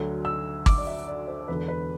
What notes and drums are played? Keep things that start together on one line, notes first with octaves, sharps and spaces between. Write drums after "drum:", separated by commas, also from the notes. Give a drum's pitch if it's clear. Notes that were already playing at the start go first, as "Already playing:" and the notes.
Already playing: D2 D3 F#3
E6
D6, drum: kick G#1
D5
E5
D5
C5
A4
E1 E2 D3 B4
B4